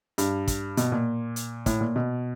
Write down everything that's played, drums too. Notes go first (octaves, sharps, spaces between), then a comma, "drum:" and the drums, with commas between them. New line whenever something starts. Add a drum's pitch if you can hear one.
G2, drum: hi-hat
drum: kick, hi-hat
B2, drum: hi-hat
A#2
drum: hi-hat
A2, drum: kick, hi-hat
A#2
B2